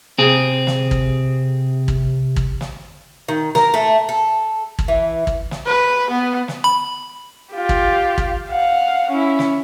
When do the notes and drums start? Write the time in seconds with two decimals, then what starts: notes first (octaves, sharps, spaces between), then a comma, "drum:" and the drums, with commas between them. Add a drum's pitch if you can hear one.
0.18 C3 C4 G#4
0.67 drum: snare
0.91 drum: kick
1.88 drum: kick
2.36 drum: kick
2.61 drum: snare
3.28 D#3
3.55 A#4, drum: snare
3.74 A3
4.09 A4
4.79 drum: kick
4.88 E3
5.27 drum: kick
5.51 drum: snare
5.66 B4
6.10 B3
6.48 drum: snare
6.64 B5
7.54 F4 G4
7.69 drum: kick
8.18 drum: kick
8.50 F5 F#5
9.10 C#4 E4
9.39 drum: snare